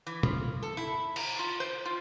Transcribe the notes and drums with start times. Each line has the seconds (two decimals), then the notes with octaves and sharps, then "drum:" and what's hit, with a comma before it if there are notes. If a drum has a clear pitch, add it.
0.07 E3
0.23 F3, drum: tom B2
0.63 A4
0.77 E4
1.16 A#5, drum: cymbal
1.39 F4
1.60 C5
1.85 F4